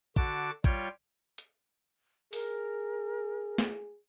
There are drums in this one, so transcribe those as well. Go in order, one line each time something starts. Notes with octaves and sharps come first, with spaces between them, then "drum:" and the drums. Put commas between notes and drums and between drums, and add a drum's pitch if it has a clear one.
D3 F#4 A5 D6, drum: kick
G3 F4 C#5 G5, drum: kick
drum: hi-hat
G#4 A#4, drum: open hi-hat
drum: snare